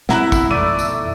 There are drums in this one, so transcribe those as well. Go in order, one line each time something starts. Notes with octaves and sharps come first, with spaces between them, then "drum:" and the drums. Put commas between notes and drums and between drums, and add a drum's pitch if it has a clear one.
B2 G#3 C4 E4 F#5 A#5 F#6, drum: snare
drum: kick, tambourine
F2 B2 D#3 A3 D5 D#7
drum: tambourine